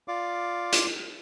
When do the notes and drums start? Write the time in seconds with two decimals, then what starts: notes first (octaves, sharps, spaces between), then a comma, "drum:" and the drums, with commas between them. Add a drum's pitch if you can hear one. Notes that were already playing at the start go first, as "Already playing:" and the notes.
0.08 F4 D5 F5 D6
0.73 drum: hi-hat